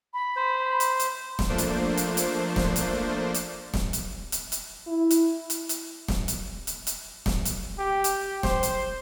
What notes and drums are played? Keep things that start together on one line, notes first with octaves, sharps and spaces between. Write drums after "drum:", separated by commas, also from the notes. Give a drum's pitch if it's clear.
B5
C5
drum: hi-hat
drum: hi-hat
drum: snare
F3 A3 A#3 D4 C5
drum: hi-hat
drum: hi-hat
drum: hi-hat
drum: snare
drum: hi-hat
drum: hi-hat
drum: snare
drum: hi-hat
drum: hi-hat
drum: hi-hat
E4
drum: hi-hat
drum: hi-hat
drum: hi-hat
drum: snare
drum: hi-hat
drum: hi-hat
drum: hi-hat
drum: snare
drum: hi-hat
G4
drum: hi-hat
C5, drum: snare
drum: hi-hat